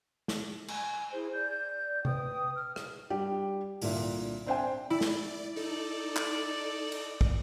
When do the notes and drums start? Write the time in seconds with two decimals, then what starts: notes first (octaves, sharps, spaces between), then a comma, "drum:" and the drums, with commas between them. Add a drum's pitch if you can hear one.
0.28 drum: snare
0.68 G#5, drum: cymbal
1.13 E4 G#4 C5
1.33 D5 G6
2.05 B4 G5 D#6, drum: tom C3
2.56 F6
2.76 drum: rim click
3.10 G3 D4 G4
3.81 C2 A#2 D3 D4 E5, drum: open hi-hat
4.46 C4 D4 C5 E5 G5 G#5
4.90 E4 D5
5.01 drum: snare
5.56 D#4 A4 D5
6.16 drum: clap
6.92 drum: cymbal
7.21 drum: kick